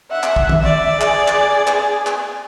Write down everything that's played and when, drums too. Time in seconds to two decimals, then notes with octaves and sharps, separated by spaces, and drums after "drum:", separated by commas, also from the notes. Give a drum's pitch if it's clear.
0.11 E5 F#5
0.23 drum: clap
0.36 drum: kick
0.49 drum: tom
0.63 D5
1.01 G#4, drum: clap
1.28 drum: clap
1.67 drum: clap
2.06 drum: clap